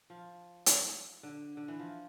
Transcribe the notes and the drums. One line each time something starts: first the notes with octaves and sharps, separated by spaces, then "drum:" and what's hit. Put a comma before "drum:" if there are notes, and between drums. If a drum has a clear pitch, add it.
F3
drum: hi-hat
D3
D3
E3
F3